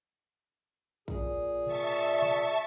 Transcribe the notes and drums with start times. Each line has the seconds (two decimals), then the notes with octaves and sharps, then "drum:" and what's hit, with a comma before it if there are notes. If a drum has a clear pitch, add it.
1.08 A#2 G#4, drum: kick
1.67 E5 A5 C#6, drum: tom B2
2.22 drum: tom B2